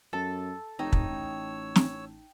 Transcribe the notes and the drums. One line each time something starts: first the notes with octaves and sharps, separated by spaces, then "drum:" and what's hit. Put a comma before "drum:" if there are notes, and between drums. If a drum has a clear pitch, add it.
F#2 A4 A5
F1 D#4 C#5 G5 E6
drum: kick
A1
drum: snare